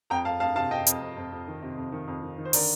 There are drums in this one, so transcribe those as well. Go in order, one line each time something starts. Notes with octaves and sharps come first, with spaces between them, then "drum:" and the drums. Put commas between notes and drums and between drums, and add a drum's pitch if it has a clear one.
F2 G5 A#5
F2 F5 A5
F2 F5 A5
C3 F5 A5
C3 D#5 G5
F2, drum: hi-hat
F2
F2
F2
D#3
C3
F2
D#3
F2
D#3
D#3
C5
D3 A#4 D5, drum: open hi-hat